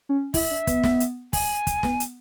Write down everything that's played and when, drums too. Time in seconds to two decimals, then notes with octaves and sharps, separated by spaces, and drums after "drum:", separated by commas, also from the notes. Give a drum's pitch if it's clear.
0.09 C#4
0.34 E4 E5, drum: kick, open hi-hat
0.51 D4
0.67 B3, drum: kick, hi-hat
0.84 drum: snare
1.00 drum: hi-hat
1.33 G#5, drum: kick, open hi-hat
1.67 drum: kick, hi-hat
1.83 B3, drum: snare
2.00 drum: hi-hat